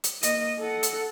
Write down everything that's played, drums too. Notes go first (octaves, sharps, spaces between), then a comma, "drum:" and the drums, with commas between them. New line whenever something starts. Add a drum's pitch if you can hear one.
drum: hi-hat
A#3 D#5, drum: hi-hat
A4 F#5
drum: hi-hat